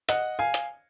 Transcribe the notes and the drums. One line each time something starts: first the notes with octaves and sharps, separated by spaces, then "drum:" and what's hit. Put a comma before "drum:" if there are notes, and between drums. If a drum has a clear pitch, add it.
D#5 F#5, drum: hi-hat
F5 G#5
drum: hi-hat